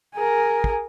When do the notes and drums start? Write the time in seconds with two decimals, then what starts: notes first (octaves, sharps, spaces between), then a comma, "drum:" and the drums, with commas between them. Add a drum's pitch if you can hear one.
0.14 G#4 A#4
0.64 drum: kick